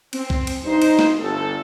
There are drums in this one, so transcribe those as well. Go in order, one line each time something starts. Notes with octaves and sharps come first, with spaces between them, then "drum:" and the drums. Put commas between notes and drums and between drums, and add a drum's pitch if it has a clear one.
C4, drum: cymbal
drum: kick
drum: cymbal
G2 D#4 C5
drum: cymbal
drum: snare
G1 A4